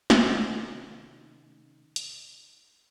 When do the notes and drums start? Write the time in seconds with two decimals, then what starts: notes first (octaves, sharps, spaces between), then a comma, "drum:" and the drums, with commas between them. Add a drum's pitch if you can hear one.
0.10 C3 D#3 A3 C#4 D#4, drum: snare
1.96 drum: hi-hat